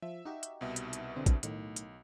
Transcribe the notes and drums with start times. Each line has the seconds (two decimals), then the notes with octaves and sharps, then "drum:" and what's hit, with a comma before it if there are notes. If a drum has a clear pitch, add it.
0.02 F3 E5
0.25 D#4 F#4 G4
0.43 drum: hi-hat
0.61 C2 B2 E5
0.76 drum: hi-hat
0.93 drum: hi-hat
1.16 D3 C4
1.26 drum: kick, hi-hat
1.43 B1 A2 D#3, drum: hi-hat
1.76 drum: hi-hat